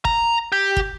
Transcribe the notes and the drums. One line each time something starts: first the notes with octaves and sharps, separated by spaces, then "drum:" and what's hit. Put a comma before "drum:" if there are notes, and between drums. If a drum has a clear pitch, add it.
A#5, drum: kick
G4
drum: kick